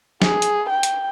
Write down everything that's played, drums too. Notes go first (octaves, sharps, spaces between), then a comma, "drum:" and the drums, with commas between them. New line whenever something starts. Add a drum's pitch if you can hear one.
G#4, drum: snare
drum: hi-hat
G5
drum: hi-hat